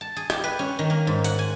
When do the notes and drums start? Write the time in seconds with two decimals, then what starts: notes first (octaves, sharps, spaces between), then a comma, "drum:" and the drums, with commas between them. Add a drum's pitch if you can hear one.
0.01 A5
0.16 G#4
0.30 G4, drum: rim click
0.44 B4
0.59 C#4
0.79 D#3
0.90 A#3
1.07 G#2
1.24 F#5, drum: hi-hat
1.39 G#5